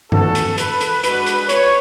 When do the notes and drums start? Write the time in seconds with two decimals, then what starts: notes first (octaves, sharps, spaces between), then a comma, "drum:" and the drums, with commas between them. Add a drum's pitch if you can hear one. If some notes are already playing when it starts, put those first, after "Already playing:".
0.12 A3 C#4 F#4 A4, drum: tom G2
0.35 drum: hi-hat
0.58 B4, drum: hi-hat
0.81 drum: hi-hat
1.03 G#3 D4 F#4 B4, drum: hi-hat
1.26 drum: hi-hat
1.49 C#5, drum: hi-hat